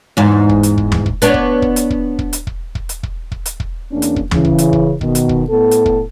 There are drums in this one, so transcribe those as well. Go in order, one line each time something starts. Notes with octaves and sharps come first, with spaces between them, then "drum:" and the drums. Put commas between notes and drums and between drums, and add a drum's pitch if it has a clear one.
E2 G#2
drum: kick
drum: hi-hat
drum: kick
drum: tom
drum: kick
B3 D4 C#5, drum: hi-hat
drum: kick
drum: kick
drum: hi-hat
drum: kick
drum: kick
drum: hi-hat
drum: kick
drum: kick
drum: hi-hat
drum: kick
drum: kick
drum: hi-hat
drum: kick
E2 A#3 C#4 D4
drum: hi-hat
drum: kick
C#3 E3, drum: tom
drum: kick
drum: hi-hat
drum: kick
B2 D#3, drum: kick
drum: hi-hat
drum: kick
A2 B3 A4
drum: hi-hat
drum: kick